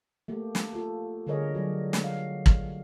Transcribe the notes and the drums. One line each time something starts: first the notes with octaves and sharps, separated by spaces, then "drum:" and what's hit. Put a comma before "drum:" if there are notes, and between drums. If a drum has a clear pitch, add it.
A3 A#3 G4
drum: snare
F4 A4
D3 G3 G#4 A#4 C#5 D#5
F#3 G3 D5
drum: snare
F5
drum: kick